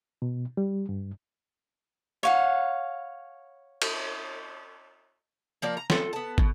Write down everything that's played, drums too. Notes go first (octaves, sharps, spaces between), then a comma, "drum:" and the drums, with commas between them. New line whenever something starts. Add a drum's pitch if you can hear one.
B2
G3
G2
C#5 F5 F#5
drum: cymbal
F3 A#3 D5
A#5
F4 A4, drum: snare
B3 A5
B2, drum: kick